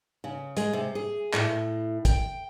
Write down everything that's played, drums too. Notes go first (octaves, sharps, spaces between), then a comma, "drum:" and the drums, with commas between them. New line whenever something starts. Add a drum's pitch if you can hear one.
C#3
G#3, drum: hi-hat
C3
G#4
A2, drum: clap
G5, drum: kick, hi-hat